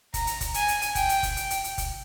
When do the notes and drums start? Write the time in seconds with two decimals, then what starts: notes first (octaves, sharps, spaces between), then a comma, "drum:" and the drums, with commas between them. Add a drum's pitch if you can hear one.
0.14 A#5, drum: kick F1, hi-hat
0.27 drum: hi-hat
0.41 drum: kick F1, hi-hat
0.54 G#5, drum: hi-hat
0.68 drum: hi-hat
0.82 drum: hi-hat
0.95 G5, drum: kick F1, hi-hat
1.09 drum: hi-hat
1.23 drum: kick F1, hi-hat
1.37 drum: hi-hat
1.50 drum: hi-hat
1.64 drum: hi-hat
1.78 drum: kick F1, hi-hat